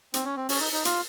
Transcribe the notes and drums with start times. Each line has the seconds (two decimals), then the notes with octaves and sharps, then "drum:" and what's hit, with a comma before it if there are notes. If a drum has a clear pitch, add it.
0.14 C4, drum: hi-hat
0.25 C#4
0.37 C4
0.49 C#4, drum: open hi-hat
0.60 D#4
0.72 D#4
0.85 F4, drum: hi-hat